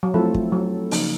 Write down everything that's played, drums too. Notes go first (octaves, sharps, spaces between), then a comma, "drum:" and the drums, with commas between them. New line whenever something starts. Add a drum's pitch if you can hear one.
F#3
F3 A3 C4 E4 A4
drum: kick
F#3
C#3 F3 A#3 D#4, drum: open hi-hat